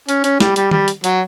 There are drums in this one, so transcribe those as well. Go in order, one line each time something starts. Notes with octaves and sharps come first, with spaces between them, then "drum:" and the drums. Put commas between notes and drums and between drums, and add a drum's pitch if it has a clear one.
C#4, drum: hi-hat
C#4, drum: hi-hat
G3, drum: snare
G3, drum: hi-hat
G3, drum: tom D#3
drum: hi-hat
F#3, drum: hi-hat